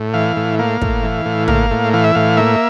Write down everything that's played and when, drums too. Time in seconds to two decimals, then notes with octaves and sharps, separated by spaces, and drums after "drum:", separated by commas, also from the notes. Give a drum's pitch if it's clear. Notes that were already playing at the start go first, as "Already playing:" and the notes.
Already playing: A2
0.13 E3 F5
0.36 A2
0.59 A#3 F5
0.82 A2, drum: kick
1.03 E3
1.25 A2
1.48 A#3 F5, drum: tom
1.71 A2
1.93 E3 F5
2.04 E5
2.15 A2 F5
2.37 A#3 E5